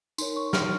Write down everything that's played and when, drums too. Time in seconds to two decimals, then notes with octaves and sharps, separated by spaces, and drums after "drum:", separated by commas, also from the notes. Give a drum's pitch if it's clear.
0.18 D#4 A#4 C#5 C6, drum: tambourine
0.36 C#6
0.53 F6, drum: snare